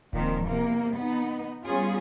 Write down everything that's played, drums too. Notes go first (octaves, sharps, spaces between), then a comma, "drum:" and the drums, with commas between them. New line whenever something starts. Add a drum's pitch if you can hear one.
A#2 D#3 F3 C4, drum: kick D1
E2 C3 A#3
B3 D#4
G3 B3 C#4 F4 G#4